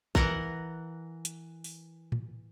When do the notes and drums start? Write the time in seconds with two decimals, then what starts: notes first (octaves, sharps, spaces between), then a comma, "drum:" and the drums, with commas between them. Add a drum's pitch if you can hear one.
0.15 E3 A#4 F#5 A#5, drum: kick
1.25 drum: hi-hat
1.64 drum: open hi-hat
2.12 drum: tom A2